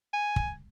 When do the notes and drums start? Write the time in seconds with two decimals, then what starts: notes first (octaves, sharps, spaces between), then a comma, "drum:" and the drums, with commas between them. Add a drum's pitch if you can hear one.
0.13 G#5
0.36 drum: kick